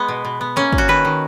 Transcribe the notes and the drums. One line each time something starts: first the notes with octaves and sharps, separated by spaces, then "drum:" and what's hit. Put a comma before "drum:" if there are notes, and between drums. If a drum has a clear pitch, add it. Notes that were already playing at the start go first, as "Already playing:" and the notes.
Already playing: G#3 B3
B2
B2
B3
A#3 C#4
A#3, drum: kick
F#4
D#3 B4
D#3